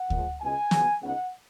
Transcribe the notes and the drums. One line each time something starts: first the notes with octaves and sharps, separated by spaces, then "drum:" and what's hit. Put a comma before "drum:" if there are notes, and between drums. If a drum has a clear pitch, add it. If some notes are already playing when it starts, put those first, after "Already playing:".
Already playing: F#5
A#2 F3 G#3, drum: kick D2
C#2 B2 G#3 G#5
C#2 C#3 F#3 B3, drum: snare
C#2 C#3 G#3 B3 D#4 F#5